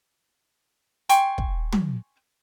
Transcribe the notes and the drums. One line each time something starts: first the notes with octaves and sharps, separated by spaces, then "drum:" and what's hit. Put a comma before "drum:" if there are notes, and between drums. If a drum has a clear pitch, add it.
G5 G#5 C6 C#6, drum: hi-hat
drum: kick
drum: tom